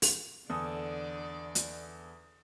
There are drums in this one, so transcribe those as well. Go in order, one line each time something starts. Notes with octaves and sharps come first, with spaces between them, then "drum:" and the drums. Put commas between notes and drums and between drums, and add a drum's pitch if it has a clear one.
drum: open hi-hat
E2 D3 A4 D5 D#6
drum: hi-hat